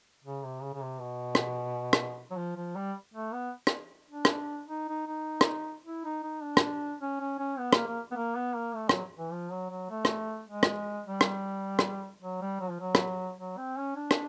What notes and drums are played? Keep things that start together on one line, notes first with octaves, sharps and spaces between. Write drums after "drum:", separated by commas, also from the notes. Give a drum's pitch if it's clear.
C#3
C3
C#3
C#3
C3
B2
drum: rim click
drum: rim click
F#3
F3
F3
G3
A3
B3
drum: rim click
D4
drum: rim click
D#4
D#4
D#4
drum: rim click
E4
D#4
D#4
D4
drum: rim click
C#4
C#4
C#4
B3
A#3, drum: rim click
A#3
B3
A#3
B3
A#3
A3
F#3, drum: rim click
E3
F3
F#3
F#3
A3
drum: rim click
G#3
drum: rim click
G3
drum: rim click
drum: rim click
F#3
G3
F#3
F3
F#3
drum: rim click
F#3
C4
C#4
D4
drum: rim click